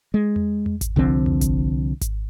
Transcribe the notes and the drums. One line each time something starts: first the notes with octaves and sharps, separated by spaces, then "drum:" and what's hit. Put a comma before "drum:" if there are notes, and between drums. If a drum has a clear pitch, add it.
G#3
drum: tom E2
drum: tom E2
drum: kick G#1, hi-hat
C2 D3 F3 C4
drum: tom E2
drum: kick G#1, hi-hat
drum: kick G#1, hi-hat